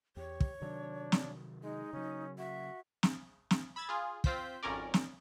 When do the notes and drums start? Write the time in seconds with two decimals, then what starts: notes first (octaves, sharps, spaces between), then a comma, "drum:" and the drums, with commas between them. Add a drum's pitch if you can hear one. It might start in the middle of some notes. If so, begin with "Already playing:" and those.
0.17 E2 G4 C#5
0.40 drum: kick
0.62 C3 D#3 F#3 D4
1.12 drum: snare
1.63 G#3 D#4
1.93 C#3 F#3 C#4
2.38 F#4 E5
3.03 drum: snare
3.51 drum: snare
3.76 B5 E6 G#6 A6
3.89 F4 G#4
4.24 C4 F4 C5 G6 B6, drum: kick
4.63 G#1 F2 C#4 A#4 D5
4.94 drum: snare